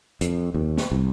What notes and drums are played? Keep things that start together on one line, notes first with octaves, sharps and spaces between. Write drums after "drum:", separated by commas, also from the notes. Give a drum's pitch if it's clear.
F2, drum: hi-hat
D#2
drum: snare
C2